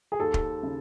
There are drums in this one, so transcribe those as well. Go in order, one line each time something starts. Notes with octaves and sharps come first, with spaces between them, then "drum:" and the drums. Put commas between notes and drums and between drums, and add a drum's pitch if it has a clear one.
G#4
D#2 A4
drum: kick
C#3